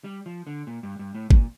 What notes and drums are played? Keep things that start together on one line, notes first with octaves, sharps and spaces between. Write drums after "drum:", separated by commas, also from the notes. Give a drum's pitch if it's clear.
G3
F3
D3
A#2
G2
G2
A2
A#2, drum: kick